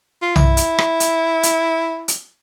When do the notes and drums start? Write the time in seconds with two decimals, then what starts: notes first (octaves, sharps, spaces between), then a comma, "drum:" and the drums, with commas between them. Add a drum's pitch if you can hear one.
0.22 F4
0.36 E4, drum: tom B1
0.57 drum: hi-hat
0.78 drum: rim click
1.00 drum: hi-hat
1.43 drum: hi-hat
2.08 drum: hi-hat